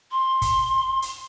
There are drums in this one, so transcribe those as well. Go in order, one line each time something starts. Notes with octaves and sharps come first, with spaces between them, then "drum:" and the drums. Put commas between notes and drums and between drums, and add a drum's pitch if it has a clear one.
C6
drum: kick, hi-hat
drum: hi-hat